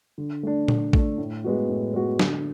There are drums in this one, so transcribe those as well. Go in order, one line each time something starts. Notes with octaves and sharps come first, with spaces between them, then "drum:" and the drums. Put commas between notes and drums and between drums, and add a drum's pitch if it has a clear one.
D3
A3 D4
D3, drum: tom A#2
A3 D4, drum: kick
A2
G#3 B3 F#4
A2
G#3 B3 F#4
D3, drum: snare